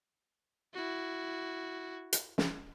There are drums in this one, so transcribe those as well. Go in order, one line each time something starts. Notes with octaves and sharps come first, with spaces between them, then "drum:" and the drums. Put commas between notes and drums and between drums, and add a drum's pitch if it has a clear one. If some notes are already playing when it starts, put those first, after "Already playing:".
E4 F#4
drum: hi-hat
drum: snare